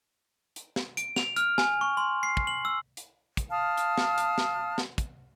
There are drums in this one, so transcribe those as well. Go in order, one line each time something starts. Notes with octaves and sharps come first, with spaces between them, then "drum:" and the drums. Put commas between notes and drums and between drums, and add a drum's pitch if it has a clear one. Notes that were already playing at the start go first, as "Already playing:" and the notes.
drum: hi-hat
drum: snare
D7, drum: hi-hat
F7, drum: snare
F6, drum: hi-hat
G#5, drum: snare
C#6
C6
C7
drum: kick
F#7
E6
drum: hi-hat
drum: kick, hi-hat
F5 A5 D#6 F6
drum: hi-hat
drum: snare
drum: hi-hat
drum: snare
drum: snare
drum: kick, hi-hat